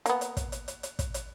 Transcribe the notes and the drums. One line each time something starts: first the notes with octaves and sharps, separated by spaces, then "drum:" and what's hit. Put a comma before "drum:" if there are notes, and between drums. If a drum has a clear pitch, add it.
A#3 B3, drum: hi-hat
drum: hi-hat
drum: kick, hi-hat
drum: hi-hat
drum: hi-hat
drum: hi-hat
drum: kick, hi-hat
drum: hi-hat